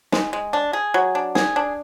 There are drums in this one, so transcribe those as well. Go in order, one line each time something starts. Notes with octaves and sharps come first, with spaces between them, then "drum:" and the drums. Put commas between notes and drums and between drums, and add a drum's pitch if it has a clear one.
G#3, drum: snare
G#3
D4
G#4
F#3
D4
G#4, drum: snare
D4